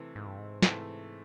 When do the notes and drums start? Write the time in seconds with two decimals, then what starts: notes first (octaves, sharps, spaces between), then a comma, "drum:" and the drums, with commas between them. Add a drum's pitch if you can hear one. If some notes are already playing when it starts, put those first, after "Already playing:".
Already playing: C3 E3 A3
0.15 G#2
0.27 G2
0.38 G#2
0.62 C3 E3 A3, drum: snare